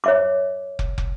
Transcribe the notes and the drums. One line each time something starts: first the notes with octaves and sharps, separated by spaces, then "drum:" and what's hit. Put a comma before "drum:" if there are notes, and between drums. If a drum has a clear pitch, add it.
C#5 E5 D6
drum: kick
drum: kick